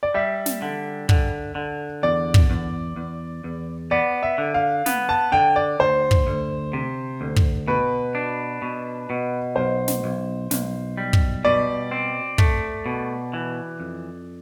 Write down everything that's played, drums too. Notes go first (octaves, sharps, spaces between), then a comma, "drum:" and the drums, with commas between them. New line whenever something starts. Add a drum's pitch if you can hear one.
D5
G3 E5
drum: snare
D3
D3, drum: kick
D3
E2 D5
drum: kick
E2
E2
E2
B3 D5
E5
D3
F5
B3, drum: snare
A5
D3 G5
D5
D2 C5
drum: kick
D2
C3
D2
drum: kick
B2 B4
D4
B2
B2
B1 C5
drum: snare
B1
B1, drum: snare
G3
drum: kick
B2 D5
C4
A3, drum: kick
B2
E3
F2